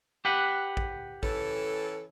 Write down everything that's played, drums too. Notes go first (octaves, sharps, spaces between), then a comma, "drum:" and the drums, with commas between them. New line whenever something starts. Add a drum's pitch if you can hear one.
G4 B4 F#5
drum: kick A1
E3 C#4 A4, drum: kick A1